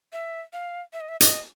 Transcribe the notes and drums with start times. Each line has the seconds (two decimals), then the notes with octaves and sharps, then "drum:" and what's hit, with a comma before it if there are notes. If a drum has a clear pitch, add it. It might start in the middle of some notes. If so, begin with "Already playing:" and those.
0.13 E5
0.53 F5
0.93 E5
1.01 D#5
1.09 E5
1.20 D#5, drum: hi-hat